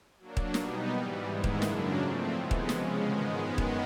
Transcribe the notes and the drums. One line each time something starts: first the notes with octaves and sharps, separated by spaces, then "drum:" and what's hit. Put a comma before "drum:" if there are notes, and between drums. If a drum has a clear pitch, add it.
F#3 A#3 D4
drum: kick D#1
B2 G3 B3 D#4, drum: snare
G#2 E3 G3
G#2 D#3 G#3 B3 E4
drum: kick D#1
F#2 C#3 F#3 A#3 D4, drum: snare
F3 A3 C4
C3 E3 G#3 B3
drum: kick D#1
C#3 F3 G#3 C#4, drum: snare
G#2 D#3 G#3 B3
F#2 D#3 G#3 B3
drum: kick D#1